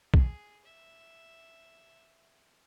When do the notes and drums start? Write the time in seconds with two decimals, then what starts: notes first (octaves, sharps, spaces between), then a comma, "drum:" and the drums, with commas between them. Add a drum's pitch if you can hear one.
0.14 G#4, drum: kick
0.65 E5